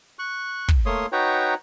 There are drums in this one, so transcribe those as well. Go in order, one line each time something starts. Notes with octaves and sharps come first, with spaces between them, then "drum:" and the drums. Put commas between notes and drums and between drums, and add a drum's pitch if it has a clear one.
C#6 F#6
drum: kick
A3 A#3 C#5 C6 D#6
D#4 F#4 B4 C#5 G5 A#5